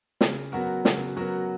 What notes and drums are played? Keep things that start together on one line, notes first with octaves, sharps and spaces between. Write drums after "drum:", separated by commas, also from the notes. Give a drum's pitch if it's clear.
C#3, drum: snare
F#3 B3 F#4 A#4
C#3, drum: snare
F#3 B3 F#4 A#4